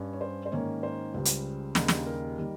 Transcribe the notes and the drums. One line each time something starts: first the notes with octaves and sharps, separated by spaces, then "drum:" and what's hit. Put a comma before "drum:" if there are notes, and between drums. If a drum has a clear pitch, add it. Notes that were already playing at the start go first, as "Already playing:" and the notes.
Already playing: G2 G3 C#4
C#5
C5
C5
G#2 D#3 A#3 C#4 C#5
C5
C#2 C#3 G3
drum: hi-hat
D#2 C#3 G3 A#3 D#4, drum: snare
drum: snare
A#4
D#3 G3 A#3